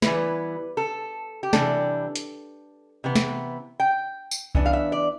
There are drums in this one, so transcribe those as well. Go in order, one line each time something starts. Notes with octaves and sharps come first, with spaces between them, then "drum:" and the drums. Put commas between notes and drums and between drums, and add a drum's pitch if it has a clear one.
E3 G3 B3 E4 B4, drum: snare
A4
G4
C3 E3 G3 D4 A4, drum: snare
drum: hi-hat
C3 E3 B3
drum: snare
G5
drum: tambourine
E3 B3 D4, drum: kick C2
F5
E5
D5